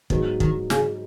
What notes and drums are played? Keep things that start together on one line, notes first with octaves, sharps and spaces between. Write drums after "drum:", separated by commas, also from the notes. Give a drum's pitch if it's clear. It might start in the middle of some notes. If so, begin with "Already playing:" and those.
G#2 D#3 F#3 B3 G#4 B4, drum: kick
D#3, drum: kick
C#3, drum: snare